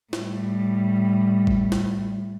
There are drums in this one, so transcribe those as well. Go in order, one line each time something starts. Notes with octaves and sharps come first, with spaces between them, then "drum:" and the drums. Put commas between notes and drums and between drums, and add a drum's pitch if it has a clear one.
A2 G3, drum: snare
drum: kick G#1
drum: snare